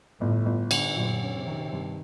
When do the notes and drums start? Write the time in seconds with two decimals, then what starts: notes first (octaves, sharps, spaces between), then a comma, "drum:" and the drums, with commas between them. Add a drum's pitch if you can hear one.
0.21 G1 A2
0.46 G1
0.71 D3, drum: cymbal
0.96 F#2 A#2
1.21 C#4
1.34 C3
1.47 D#3
1.72 G2